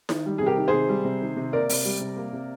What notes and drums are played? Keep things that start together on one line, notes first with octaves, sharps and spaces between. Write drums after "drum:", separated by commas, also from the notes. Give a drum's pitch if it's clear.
D#3, drum: snare E4
G3
G#4
C3
G4 A#4
D#3
G#4 C5
C3
G3
C3
D#3
C3
A#3 A#4 D5
C3, drum: open hi-hat
G3
C3
A#3
C3